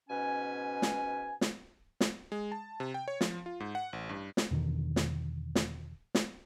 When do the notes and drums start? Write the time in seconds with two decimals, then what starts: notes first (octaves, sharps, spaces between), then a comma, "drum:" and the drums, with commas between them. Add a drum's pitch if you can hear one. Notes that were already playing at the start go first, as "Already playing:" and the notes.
0.09 G#2 B2 C#4 B4 G#5
0.82 drum: snare
1.41 drum: snare
2.01 drum: snare
2.32 G#3
2.52 A5
2.80 C3
2.94 G5
3.08 C#5
3.21 F3, drum: snare
3.46 F4
3.60 G#2
3.75 F#5
3.93 A1
4.09 G2
4.37 drum: snare
4.51 E2 B2 D3 D#3
4.96 drum: snare
5.55 drum: snare
6.15 drum: snare